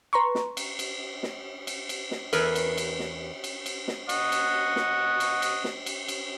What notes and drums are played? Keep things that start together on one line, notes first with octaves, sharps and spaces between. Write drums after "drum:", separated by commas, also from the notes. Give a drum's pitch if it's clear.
B4 A#5 C6 C#6
drum: snare
drum: cymbal
drum: cymbal
drum: snare
drum: cymbal
drum: cymbal
drum: snare
E2 A#4 B4, drum: cymbal
drum: cymbal
drum: cymbal
drum: snare
drum: cymbal
drum: cymbal
drum: snare
D#5 F#5 C#6, drum: cymbal
drum: cymbal
drum: snare
drum: cymbal
drum: cymbal
drum: snare
drum: cymbal
drum: cymbal